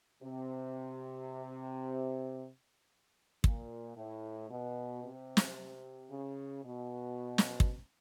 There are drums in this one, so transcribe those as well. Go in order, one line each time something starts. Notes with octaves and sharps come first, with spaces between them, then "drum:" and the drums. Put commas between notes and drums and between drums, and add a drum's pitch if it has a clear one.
C3
A#2, drum: kick
A2
B2
C3
drum: snare
C#3
B2
drum: snare
drum: kick